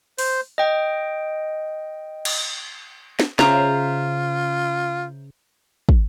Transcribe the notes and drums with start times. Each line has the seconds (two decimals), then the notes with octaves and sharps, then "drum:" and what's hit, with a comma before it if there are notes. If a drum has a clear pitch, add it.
0.18 C5, drum: open hi-hat
0.58 D#5 G5
2.25 drum: cymbal
3.20 drum: snare
3.39 C#3 F4 C5 E5 A#5, drum: snare
5.89 drum: kick